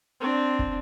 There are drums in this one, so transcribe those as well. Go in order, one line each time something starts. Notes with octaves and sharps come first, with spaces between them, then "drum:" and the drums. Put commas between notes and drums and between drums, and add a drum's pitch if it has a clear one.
C4 D4
drum: kick